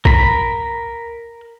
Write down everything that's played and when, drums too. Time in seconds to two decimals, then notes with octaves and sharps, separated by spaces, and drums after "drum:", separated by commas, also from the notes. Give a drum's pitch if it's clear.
0.05 A#4 B5, drum: kick